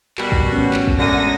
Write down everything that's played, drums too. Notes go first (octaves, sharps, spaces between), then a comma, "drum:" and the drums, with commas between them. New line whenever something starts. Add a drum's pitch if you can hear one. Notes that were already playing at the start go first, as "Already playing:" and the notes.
B2 G3 F#4 A#4, drum: clap
drum: kick
A1 B3 C#4
drum: clap
drum: kick
F#2 D3 G#3 G#5 D#6 A#6